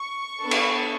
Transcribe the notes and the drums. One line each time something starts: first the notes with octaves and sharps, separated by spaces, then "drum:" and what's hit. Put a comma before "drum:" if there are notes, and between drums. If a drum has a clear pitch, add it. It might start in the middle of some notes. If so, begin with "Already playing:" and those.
Already playing: C#6
B3 D4 A4
drum: cymbal